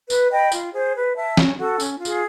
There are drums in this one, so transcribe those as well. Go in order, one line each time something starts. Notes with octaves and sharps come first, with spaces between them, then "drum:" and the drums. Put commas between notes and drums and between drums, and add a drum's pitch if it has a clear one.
B4, drum: tambourine
D#5 G5 B5
F4, drum: tambourine
G#4 C5
B4
E5 A5
C#4, drum: snare
F#4 A4
C#4, drum: tambourine
F4
G#4, drum: tambourine